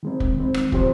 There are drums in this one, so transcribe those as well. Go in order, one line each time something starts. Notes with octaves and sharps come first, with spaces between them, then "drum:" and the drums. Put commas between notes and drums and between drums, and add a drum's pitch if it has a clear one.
D#3 G#3 C4
drum: kick
D#3 G#3 C4
drum: rim click
F3 C4 G4 C5, drum: kick